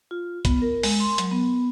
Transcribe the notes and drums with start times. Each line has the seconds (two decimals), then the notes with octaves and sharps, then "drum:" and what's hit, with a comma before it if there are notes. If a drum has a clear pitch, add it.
0.11 F4
0.45 B3, drum: kick, hi-hat
0.62 A#4
0.83 G#3, drum: open hi-hat
1.00 C6
1.18 F#3, drum: hi-hat
1.31 B3